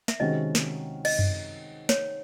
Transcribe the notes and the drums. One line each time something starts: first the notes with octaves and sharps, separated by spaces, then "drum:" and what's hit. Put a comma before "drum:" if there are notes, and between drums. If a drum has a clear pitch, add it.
E5, drum: snare
C3 D#3 G#3 C#4 F#4 D#5
drum: snare
D#5, drum: cymbal
drum: tom F#2
C#5, drum: snare